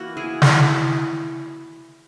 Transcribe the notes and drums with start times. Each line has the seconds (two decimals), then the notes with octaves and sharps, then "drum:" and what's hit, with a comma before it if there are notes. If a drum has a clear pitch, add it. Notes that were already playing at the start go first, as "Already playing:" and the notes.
Already playing: E3 A#3 F#4
0.17 E4 G#4
0.42 E4 G#4, drum: snare